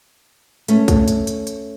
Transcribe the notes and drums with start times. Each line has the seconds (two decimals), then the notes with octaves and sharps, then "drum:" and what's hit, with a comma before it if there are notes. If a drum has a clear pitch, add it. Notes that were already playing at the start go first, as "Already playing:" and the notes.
0.68 A3 C#4, drum: hi-hat
0.88 drum: kick, hi-hat
1.08 drum: hi-hat
1.27 drum: hi-hat
1.47 drum: hi-hat